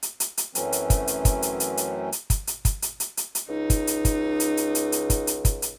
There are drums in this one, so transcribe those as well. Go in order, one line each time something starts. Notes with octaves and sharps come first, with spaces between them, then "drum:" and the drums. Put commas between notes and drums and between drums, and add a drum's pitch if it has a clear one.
drum: hi-hat
drum: hi-hat
drum: hi-hat
F#2 E3 F#3 A3 C4 C#4, drum: hi-hat
drum: hi-hat
drum: kick, hi-hat
drum: hi-hat
drum: kick, hi-hat
drum: hi-hat
drum: hi-hat
drum: hi-hat
drum: hi-hat
drum: kick, hi-hat
drum: hi-hat
drum: kick, hi-hat
drum: hi-hat
drum: hi-hat
drum: hi-hat
drum: hi-hat
C#2 D#4
drum: kick, hi-hat
drum: hi-hat
drum: kick, hi-hat
drum: hi-hat
drum: hi-hat
drum: hi-hat
drum: hi-hat
drum: kick, hi-hat
drum: hi-hat
drum: kick, hi-hat
drum: hi-hat